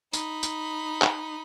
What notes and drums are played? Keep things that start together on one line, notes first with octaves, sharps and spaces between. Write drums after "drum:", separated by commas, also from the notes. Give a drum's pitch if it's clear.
D#4 B5, drum: tambourine
drum: tambourine
drum: clap